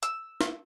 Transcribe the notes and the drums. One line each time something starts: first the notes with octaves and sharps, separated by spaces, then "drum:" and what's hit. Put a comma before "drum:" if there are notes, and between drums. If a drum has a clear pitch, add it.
E6, drum: hi-hat
drum: snare